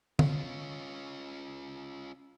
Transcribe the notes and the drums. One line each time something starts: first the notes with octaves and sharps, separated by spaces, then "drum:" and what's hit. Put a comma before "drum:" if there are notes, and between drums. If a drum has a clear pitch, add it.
C#4 F4, drum: tom D3